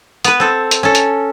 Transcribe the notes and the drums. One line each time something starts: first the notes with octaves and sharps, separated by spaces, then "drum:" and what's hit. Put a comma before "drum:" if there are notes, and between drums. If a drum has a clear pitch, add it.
B3 B4, drum: hi-hat
C4 A4
drum: hi-hat
C#4 A4
drum: hi-hat